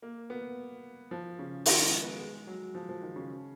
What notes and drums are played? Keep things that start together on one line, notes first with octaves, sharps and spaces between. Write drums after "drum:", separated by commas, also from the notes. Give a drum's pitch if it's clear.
A#3
B3
F3
C#3
D#3, drum: open hi-hat
G#3
B3
G#3
F#3
F3
F3
D#3
C#3